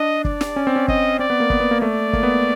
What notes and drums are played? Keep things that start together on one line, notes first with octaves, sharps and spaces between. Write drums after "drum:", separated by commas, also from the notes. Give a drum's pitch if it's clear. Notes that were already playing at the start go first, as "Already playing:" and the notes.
Already playing: D4 D#5
D5, drum: kick
drum: snare
C#4
C4
C#4
D#5, drum: kick
C4 D5
B3
A#3
B3, drum: kick
B3
A#3
A3 D5
A#3, drum: kick
B3